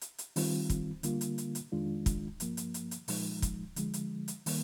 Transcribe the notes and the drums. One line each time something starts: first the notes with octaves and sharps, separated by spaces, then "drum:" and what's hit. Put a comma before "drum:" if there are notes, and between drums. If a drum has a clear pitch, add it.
drum: hi-hat
drum: hi-hat
D#3 G3 C4 F4, drum: open hi-hat
drum: kick, hi-hat
D3 G3 A#3 F4, drum: hi-hat
drum: hi-hat
drum: hi-hat
drum: hi-hat
F2 D#3 G#3 D4 F4
drum: kick, hi-hat
G2 F3 A#3, drum: hi-hat
drum: hi-hat
drum: hi-hat
drum: hi-hat
A#2 F3 G#3 D#4, drum: open hi-hat
drum: kick, hi-hat
D3 F3 G#3, drum: hi-hat
drum: hi-hat
drum: hi-hat
D#3 G3 A#3, drum: open hi-hat